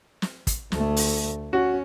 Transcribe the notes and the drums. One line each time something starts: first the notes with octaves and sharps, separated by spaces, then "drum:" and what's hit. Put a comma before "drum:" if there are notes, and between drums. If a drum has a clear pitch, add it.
drum: snare
drum: kick, hi-hat
D2 A3, drum: snare
drum: open hi-hat
C#4 F#4